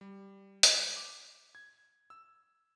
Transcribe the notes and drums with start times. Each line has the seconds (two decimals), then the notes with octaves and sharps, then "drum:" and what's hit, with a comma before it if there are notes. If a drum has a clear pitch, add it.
0.01 G3
0.63 drum: hi-hat
0.76 B6
0.96 D6
1.55 G#6
2.10 E6